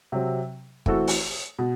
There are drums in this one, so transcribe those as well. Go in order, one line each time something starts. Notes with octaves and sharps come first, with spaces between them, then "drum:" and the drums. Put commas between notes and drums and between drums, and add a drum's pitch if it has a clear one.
C3 F#3 C4
E3 A3 C4 F#4 A4, drum: kick
drum: open hi-hat
B2